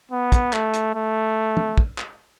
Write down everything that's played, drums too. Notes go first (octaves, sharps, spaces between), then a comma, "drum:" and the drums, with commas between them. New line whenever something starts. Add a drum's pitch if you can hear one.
B3
drum: kick, hi-hat
A3, drum: clap
drum: hi-hat
A3
drum: tom
drum: kick
drum: clap